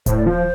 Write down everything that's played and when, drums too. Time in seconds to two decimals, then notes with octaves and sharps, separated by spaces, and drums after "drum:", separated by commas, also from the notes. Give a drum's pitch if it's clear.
0.06 A2 C5, drum: kick D#1, hi-hat
0.17 D5
0.27 F3 C5